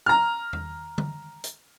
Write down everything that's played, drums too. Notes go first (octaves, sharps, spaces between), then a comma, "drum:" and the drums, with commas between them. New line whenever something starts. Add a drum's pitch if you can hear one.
A#5 F6
drum: tom E2
drum: tom D3
drum: hi-hat